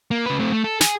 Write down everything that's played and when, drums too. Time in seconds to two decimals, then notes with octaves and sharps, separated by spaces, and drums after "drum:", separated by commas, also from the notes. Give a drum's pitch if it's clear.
0.11 A#3
0.26 C#3 B4
0.39 A3 C4
0.52 A3
0.64 A4
0.81 G#4, drum: snare